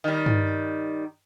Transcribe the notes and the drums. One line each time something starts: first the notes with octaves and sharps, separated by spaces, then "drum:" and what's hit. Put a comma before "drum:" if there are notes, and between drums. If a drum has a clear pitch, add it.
D#3 G3
drum: tom G2